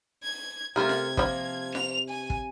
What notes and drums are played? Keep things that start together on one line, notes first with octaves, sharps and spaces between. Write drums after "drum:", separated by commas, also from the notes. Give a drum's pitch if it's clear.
G#6
C3 A3 F4 A#4 G#6
drum: snare F4
F3 G3 A#3, drum: kick
F7, drum: snare F4
G#5
drum: kick